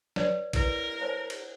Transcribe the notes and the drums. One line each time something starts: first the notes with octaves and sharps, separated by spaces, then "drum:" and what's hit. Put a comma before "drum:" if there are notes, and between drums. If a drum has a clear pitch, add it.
B4 C#5 D5, drum: snare
E4 A#4 B4, drum: kick, cymbal
C5 C#5 A5
drum: cymbal